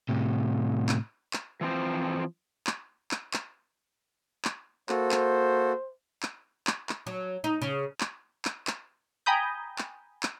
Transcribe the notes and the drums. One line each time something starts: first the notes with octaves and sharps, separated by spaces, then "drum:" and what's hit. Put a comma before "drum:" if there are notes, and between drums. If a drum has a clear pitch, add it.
A2 C3
drum: clap
drum: clap
E3 F3 C4 C5
drum: clap
drum: clap
drum: clap
drum: clap
A#3 F#4 A4 C5, drum: clap
drum: clap
drum: clap
drum: clap
drum: clap
F#3
D#4
C#3
drum: clap
drum: clap
drum: clap
G5 G#5 A#5 B5 D#6 G6
drum: clap
drum: clap